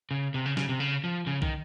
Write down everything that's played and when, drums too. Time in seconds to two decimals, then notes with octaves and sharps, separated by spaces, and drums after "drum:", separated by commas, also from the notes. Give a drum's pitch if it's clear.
0.11 C#3
0.34 C3
0.46 C#3
0.57 C#3, drum: snare
0.69 C3
0.80 C#3
1.04 F3
1.27 C#3
1.42 D#3, drum: kick